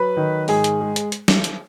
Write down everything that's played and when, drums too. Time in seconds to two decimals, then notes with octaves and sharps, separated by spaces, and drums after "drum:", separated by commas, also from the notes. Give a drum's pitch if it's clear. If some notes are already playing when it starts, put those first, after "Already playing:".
Already playing: F#3 B4 B5
0.17 D#3
0.48 G#2 G#4 G#5, drum: open hi-hat
0.64 drum: hi-hat
0.81 G#3
0.96 drum: hi-hat
1.12 drum: hi-hat
1.28 drum: snare
1.44 drum: hi-hat